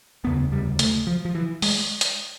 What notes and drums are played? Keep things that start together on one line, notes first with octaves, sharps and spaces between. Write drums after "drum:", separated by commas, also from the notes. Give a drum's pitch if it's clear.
F1 D#2 C#3 B3
G3
A3, drum: hi-hat
F3
F3
E3
G#3, drum: open hi-hat
drum: hi-hat